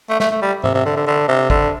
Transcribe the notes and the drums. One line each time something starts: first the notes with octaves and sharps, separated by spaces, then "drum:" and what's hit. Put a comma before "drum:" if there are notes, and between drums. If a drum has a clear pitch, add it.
A3
A3, drum: snare
A3
G3
C3, drum: tom G#2
C3
D3
D3
D3
C3
D3, drum: kick